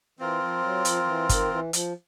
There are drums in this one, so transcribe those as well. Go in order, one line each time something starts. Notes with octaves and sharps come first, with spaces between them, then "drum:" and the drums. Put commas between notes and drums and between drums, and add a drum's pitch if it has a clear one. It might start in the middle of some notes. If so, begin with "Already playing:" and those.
E3 C4 F4 A#4
F3
F#3
F3, drum: hi-hat
F3
E3
D#3, drum: kick G1, hi-hat
E3
F3, drum: hi-hat